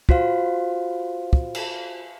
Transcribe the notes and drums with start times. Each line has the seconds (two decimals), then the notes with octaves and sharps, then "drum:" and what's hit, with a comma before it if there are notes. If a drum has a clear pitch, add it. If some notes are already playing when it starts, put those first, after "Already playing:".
0.09 F4 F#4 C5 F5, drum: kick
1.33 drum: kick
1.55 drum: cymbal